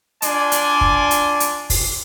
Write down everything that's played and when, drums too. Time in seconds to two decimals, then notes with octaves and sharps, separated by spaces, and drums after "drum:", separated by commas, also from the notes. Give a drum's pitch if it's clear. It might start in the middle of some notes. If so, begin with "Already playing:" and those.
0.22 D4 F4 D5 G#5 C6, drum: hi-hat
0.52 drum: hi-hat
0.81 drum: kick
1.11 drum: hi-hat
1.40 drum: hi-hat
1.70 drum: kick, open hi-hat